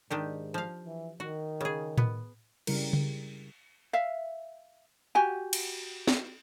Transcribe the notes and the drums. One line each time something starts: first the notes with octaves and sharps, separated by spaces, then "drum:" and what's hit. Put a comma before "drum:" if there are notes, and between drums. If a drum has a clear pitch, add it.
G#2 D#3 D4 G4
F3 F5
E3
D#3 F#4
C#3 G#4
B3, drum: tom A2
C#3 G3 E4 A#4, drum: cymbal
drum: tom C#3
E5 F5
F#4 G4 G#5
drum: cymbal
drum: snare